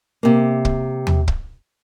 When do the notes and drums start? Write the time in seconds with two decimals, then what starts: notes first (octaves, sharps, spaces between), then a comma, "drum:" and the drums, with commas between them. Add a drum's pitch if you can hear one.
0.23 C3 A#3
0.65 drum: kick
1.07 drum: tom
1.28 drum: kick